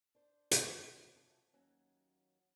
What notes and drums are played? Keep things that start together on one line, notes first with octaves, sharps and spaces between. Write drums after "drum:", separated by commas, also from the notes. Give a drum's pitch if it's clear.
D4 C5
drum: hi-hat
F#2 C3 F#3 F4 A5
D#2 F#3 C#4